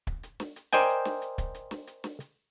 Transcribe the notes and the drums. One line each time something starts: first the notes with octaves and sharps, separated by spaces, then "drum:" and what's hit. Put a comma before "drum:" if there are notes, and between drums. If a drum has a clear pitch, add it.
drum: kick
drum: hi-hat
drum: snare
drum: hi-hat
A#4 C5 D5 D#5 G5 G#5, drum: snare
drum: hi-hat
drum: snare
drum: hi-hat
drum: kick, hi-hat
drum: hi-hat
drum: snare
drum: hi-hat
drum: snare
drum: hi-hat